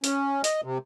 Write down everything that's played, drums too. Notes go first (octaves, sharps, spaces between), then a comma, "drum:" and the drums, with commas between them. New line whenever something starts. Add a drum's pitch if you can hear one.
C#4, drum: hi-hat
D#5, drum: hi-hat
C3